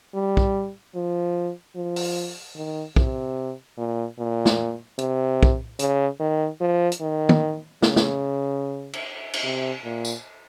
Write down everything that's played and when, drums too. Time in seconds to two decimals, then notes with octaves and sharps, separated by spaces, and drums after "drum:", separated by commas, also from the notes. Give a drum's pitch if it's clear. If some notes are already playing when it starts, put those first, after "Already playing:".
0.14 G3
0.37 drum: kick
0.95 F3
1.76 F3
1.96 drum: open hi-hat
2.56 D#3
2.96 C3, drum: kick
3.78 A#2
4.19 A#2
4.46 drum: snare
4.99 C3, drum: hi-hat
5.43 drum: kick
5.79 C#3, drum: hi-hat
6.20 D#3
6.61 F3
6.92 drum: hi-hat
7.01 D#3
7.29 drum: tom
7.82 C#3, drum: snare
7.96 drum: snare
8.93 drum: cymbal
9.33 drum: cymbal
9.44 C3
9.84 A#2
10.05 drum: tambourine